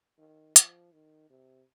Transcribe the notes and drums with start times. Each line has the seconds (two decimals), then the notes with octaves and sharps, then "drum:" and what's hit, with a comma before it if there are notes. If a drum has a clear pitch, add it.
0.18 D#3
0.56 F3, drum: hi-hat
0.92 D#3
1.30 C3